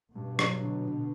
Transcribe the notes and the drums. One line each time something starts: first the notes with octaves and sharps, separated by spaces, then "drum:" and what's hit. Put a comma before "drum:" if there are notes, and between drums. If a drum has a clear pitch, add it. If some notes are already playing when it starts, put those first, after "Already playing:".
G2 B2
F#3, drum: rim click
D3
D3